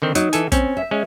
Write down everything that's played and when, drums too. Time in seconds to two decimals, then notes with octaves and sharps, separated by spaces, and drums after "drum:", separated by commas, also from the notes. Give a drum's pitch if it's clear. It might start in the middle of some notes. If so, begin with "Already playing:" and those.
0.02 D3 D#3 C4
0.15 F#3 D#4, drum: hi-hat
0.33 E3 A4 G#5, drum: hi-hat
0.52 C4 C#4, drum: kick, hi-hat
0.77 E5
0.91 G#3 C#4